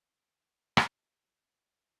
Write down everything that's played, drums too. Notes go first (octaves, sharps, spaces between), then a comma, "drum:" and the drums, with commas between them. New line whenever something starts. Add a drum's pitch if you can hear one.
E6 C#7
drum: rim click
G#6